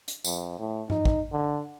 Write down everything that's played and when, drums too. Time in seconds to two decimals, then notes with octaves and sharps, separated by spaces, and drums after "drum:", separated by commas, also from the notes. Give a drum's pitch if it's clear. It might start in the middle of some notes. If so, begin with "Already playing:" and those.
0.08 drum: hi-hat
0.24 F2, drum: tambourine
0.59 A2
0.90 D#4, drum: tom G2
1.05 drum: kick
1.32 D3